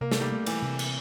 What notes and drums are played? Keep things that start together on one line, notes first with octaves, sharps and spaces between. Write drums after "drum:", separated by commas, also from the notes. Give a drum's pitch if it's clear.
C3 A#3
A3, drum: snare
G3 A#3
A3
E3 G3, drum: cymbal
C3
drum: cymbal